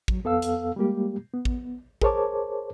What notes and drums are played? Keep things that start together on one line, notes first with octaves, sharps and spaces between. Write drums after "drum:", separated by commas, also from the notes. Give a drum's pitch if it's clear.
F#3, drum: kick A1
F2 B3 A4 F5 E6
drum: hi-hat
G3 G#3 A#3 G4
B3
drum: kick A1
G#4 A#4 C5 C#5 A5 D6, drum: kick A1